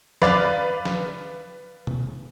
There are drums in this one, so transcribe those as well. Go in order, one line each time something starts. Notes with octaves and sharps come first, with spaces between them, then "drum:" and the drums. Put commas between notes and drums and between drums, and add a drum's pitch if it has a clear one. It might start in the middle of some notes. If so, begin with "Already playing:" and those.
B4 D5 F5 A6, drum: snare
drum: snare
drum: tom